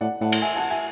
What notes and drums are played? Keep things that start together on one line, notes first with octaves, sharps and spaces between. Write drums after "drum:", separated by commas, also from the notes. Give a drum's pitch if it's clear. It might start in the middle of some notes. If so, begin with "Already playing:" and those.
A2 D5 F#5
A2 F#5 A5
drum: cymbal
E5 G#5
F#5 A5
E5 G#5